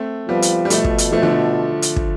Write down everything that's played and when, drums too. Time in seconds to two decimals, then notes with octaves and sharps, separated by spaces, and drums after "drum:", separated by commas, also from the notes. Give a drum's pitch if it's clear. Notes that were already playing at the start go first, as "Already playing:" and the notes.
Already playing: A3 C4
0.28 F3 G3 B3
0.42 drum: hi-hat
0.65 G3
0.70 B2 F3 A3, drum: hi-hat
0.84 drum: kick
0.98 drum: hi-hat
1.12 F3 A3
1.22 D3 F3
1.82 drum: hi-hat
1.96 drum: kick